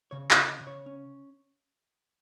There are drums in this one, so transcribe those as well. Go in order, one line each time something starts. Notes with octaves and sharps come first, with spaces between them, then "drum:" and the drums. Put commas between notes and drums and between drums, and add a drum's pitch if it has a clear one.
C#3 C#5
C#5, drum: clap
C#3
D#5
C#3
C#5
C#4